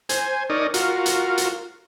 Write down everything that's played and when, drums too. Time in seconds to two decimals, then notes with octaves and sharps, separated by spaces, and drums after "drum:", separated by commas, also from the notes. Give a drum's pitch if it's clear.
0.09 C5 G#5, drum: hi-hat
0.50 D#4 A#4 C#5 D5 D#6
0.74 F4 F#4 A#4, drum: hi-hat
1.06 drum: hi-hat
1.38 drum: hi-hat